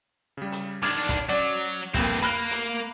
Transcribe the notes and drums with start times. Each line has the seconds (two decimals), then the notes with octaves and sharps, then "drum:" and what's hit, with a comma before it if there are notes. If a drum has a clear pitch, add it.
0.37 C#3 G3
0.52 drum: hi-hat
0.83 D#3 D4 D6 F6 G#6, drum: hi-hat
1.09 drum: kick, hi-hat
1.29 F#3 C#4 D5
1.94 C2 F2 A#3 C4 B4, drum: kick, hi-hat
2.23 A#3 B5 F6 F#6, drum: hi-hat
2.51 drum: hi-hat